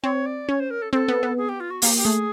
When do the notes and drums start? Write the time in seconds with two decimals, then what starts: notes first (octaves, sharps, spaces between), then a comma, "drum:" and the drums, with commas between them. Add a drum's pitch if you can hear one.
0.03 C4 C#5
0.26 D5
0.48 C#4 C#5
0.60 C5
0.70 A#4
0.82 A4
0.93 C4 A4
1.08 B3
1.23 B3
1.38 G#4
1.49 G4
1.60 F4
1.70 F#4
1.82 A#3 G4, drum: open hi-hat
1.97 G4
2.05 A3 G#4